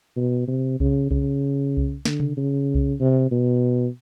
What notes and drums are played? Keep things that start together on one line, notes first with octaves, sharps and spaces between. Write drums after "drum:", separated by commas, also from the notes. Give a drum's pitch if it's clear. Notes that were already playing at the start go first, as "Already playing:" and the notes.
B2
C3
C#3, drum: kick C2
C#3, drum: kick C2
drum: kick C2
D3, drum: snare
drum: tom C3
C#3
drum: kick C2
C3
B2